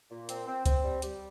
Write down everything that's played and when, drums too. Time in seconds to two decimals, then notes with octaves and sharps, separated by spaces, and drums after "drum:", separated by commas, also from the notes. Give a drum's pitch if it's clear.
0.11 A#2
0.29 C4, drum: hi-hat
0.47 C4
0.66 C4, drum: kick C#2, hi-hat
0.84 G3
1.02 G3, drum: hi-hat